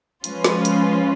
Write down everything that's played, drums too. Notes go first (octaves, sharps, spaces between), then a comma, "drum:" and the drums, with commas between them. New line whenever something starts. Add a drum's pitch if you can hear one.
F3 G#3 C#4 F4 B4, drum: hi-hat
drum: snare
drum: hi-hat